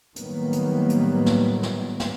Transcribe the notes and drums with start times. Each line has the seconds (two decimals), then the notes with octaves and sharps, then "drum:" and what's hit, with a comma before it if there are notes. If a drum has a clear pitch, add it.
0.16 A2 D#3 F#3 G3 A#3 B3, drum: hi-hat
0.53 drum: hi-hat
0.90 drum: hi-hat
1.26 drum: snare
1.63 drum: snare
2.00 drum: snare